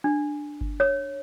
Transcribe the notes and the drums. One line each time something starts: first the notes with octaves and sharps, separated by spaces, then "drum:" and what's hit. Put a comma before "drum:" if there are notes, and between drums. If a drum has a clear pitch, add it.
D4
drum: kick G1
C#5